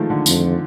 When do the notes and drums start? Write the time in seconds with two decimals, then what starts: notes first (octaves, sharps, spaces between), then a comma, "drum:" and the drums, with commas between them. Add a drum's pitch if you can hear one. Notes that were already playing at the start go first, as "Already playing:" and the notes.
Already playing: D#3 F3 G#3 A3
0.10 D3
0.26 F2, drum: tambourine